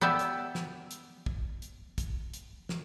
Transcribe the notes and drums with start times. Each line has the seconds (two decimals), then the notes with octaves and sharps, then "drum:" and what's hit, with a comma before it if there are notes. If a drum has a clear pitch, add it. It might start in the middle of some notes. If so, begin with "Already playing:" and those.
0.01 B3 G4 D5 E5
0.19 drum: hi-hat
0.55 drum: snare
0.91 drum: hi-hat
1.26 drum: kick
1.62 drum: hi-hat
1.98 drum: kick, hi-hat
2.34 drum: hi-hat
2.69 drum: snare